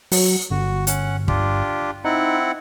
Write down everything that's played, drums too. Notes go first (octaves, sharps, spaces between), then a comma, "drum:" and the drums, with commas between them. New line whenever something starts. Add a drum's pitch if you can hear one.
F#3, drum: open hi-hat
G1 F#4
C#4 F#5, drum: hi-hat
D4 F4 G4, drum: kick
C4 D#4 E4 F#5